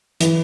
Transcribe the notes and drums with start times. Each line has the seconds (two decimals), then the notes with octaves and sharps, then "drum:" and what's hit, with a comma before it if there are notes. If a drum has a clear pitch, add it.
0.20 E3, drum: hi-hat